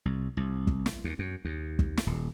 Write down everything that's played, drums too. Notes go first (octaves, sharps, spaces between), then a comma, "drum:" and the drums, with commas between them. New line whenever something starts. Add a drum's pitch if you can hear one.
C2
C2
drum: kick
drum: snare
D#2
F#2
D#2
drum: kick
drum: snare
D#1